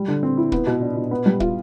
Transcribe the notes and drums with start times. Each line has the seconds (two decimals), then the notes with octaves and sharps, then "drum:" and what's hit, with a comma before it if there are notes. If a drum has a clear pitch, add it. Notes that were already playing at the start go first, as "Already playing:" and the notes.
Already playing: G3
0.08 D3
0.23 C4
0.37 E4
0.52 B3, drum: kick
0.67 B2
0.82 D4
0.96 B2
1.11 B3
1.26 G3
1.40 F4, drum: kick